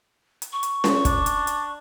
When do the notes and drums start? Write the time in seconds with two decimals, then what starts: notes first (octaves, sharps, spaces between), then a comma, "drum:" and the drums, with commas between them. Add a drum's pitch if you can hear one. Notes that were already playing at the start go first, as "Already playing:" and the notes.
0.42 drum: hi-hat
0.53 C#6
0.63 drum: hi-hat
0.84 drum: snare C#4
1.05 D4, drum: kick, hi-hat
1.26 drum: hi-hat
1.47 drum: hi-hat